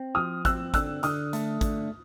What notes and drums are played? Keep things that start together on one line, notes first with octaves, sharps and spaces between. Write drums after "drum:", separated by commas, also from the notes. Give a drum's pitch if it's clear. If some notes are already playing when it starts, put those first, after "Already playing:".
Already playing: C4
F3 D#6 F6
C4 E6 F#6, drum: kick, hi-hat
D3 E6 F#6, drum: kick, hi-hat
D3 D#6 F6, drum: hi-hat
A3, drum: hi-hat
D3, drum: kick, hi-hat